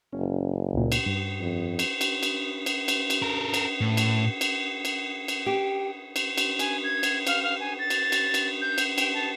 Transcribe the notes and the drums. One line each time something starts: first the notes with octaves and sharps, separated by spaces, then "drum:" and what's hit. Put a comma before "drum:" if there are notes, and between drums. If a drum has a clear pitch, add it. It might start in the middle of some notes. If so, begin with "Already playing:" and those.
F#1 C#4
C#2 A#2
drum: cymbal
G2
F2
drum: cymbal
drum: cymbal
drum: cymbal
drum: cymbal
drum: cymbal
drum: cymbal
A4 A#4
drum: cymbal
A2
drum: cymbal
drum: cymbal
drum: cymbal
drum: cymbal
G4
drum: cymbal
drum: cymbal
G#5, drum: cymbal
G#6
drum: cymbal
F5, drum: cymbal
F5
G#5
A6
drum: cymbal
drum: cymbal
drum: cymbal
G6
drum: cymbal
G5, drum: cymbal
A5